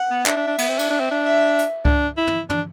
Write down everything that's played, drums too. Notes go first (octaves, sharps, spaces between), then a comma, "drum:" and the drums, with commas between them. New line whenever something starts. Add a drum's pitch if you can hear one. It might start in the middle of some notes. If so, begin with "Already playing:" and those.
Already playing: F#5
B3
D4 E5, drum: clap
D4
D4
B3, drum: cymbal
C4
D4, drum: cymbal
D4
C4
D4
E5
drum: hi-hat
D4, drum: kick C#2
E4
drum: tom
D4, drum: tom